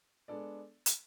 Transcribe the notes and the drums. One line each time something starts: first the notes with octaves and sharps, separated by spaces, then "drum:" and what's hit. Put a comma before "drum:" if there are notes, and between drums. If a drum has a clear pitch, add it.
G#3 B3 D4 A4 D5
drum: hi-hat